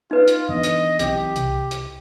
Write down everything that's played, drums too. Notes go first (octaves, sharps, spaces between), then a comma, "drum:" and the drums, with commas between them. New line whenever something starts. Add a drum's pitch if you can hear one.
D#4 F4 B4
drum: hi-hat
E3 B3 D4 D#5
drum: hi-hat
B1 E3 C4 G4, drum: hi-hat
C2, drum: hi-hat
drum: hi-hat